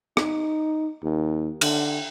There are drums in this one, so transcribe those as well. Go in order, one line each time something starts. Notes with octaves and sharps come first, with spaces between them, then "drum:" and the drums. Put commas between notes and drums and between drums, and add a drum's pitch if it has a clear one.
D#4, drum: rim click
D#2
D3, drum: cymbal